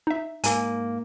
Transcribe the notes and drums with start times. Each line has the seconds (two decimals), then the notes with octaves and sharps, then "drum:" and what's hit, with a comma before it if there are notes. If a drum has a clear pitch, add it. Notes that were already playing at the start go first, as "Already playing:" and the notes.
0.07 D#4 E5
0.44 G#2 A#3 G#5, drum: hi-hat